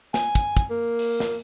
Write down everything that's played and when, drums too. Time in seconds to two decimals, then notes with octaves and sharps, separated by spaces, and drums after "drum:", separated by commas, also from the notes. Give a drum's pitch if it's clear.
0.14 G#5, drum: snare
0.35 drum: kick, hi-hat
0.57 drum: kick, hi-hat
0.70 A#3
0.99 drum: open hi-hat
1.20 drum: snare